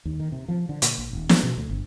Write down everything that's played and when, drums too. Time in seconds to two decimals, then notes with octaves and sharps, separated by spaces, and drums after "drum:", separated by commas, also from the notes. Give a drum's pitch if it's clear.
0.05 D#2
0.20 D#3
0.32 C3
0.48 F3
0.69 D3
0.82 A#2, drum: hi-hat
0.98 A#1
1.13 D#1
1.29 D4, drum: snare
1.43 B2
1.57 D2
1.69 G1